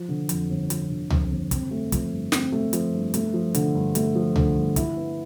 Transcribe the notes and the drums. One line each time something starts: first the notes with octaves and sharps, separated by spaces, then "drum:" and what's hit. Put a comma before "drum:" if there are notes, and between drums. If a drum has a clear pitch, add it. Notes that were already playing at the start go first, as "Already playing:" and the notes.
Already playing: F3
D3
F2, drum: hi-hat
G1
F3, drum: hi-hat
D3
F2, drum: tom C#2
G1
C4, drum: kick, hi-hat
A3
F3, drum: kick, hi-hat
G2
C4, drum: snare
A3
F3, drum: hi-hat
G2
A3, drum: hi-hat
F3
D3, drum: hi-hat
G2
A3, drum: hi-hat
F3
D3, drum: tom C#2
G2
E4, drum: kick, hi-hat
B3